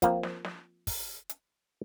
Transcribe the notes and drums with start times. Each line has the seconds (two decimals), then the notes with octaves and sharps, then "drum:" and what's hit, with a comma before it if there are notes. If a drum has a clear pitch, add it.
0.02 F3 A#3 C4, drum: kick, hi-hat
0.23 drum: snare
0.45 drum: snare
0.87 drum: kick, open hi-hat
1.29 drum: hi-hat